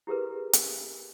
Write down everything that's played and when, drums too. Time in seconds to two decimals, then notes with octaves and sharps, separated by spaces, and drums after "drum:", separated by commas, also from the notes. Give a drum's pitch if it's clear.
0.07 E4 G4 G#4 A#4 B4
0.53 drum: hi-hat